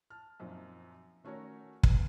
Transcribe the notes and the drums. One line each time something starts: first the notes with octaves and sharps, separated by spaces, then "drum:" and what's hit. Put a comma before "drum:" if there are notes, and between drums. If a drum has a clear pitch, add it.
A5 F6
F#2 A#2 F3 C4 D#4
D#3 A3 C#4 F#4 A#4 C#5
B3, drum: kick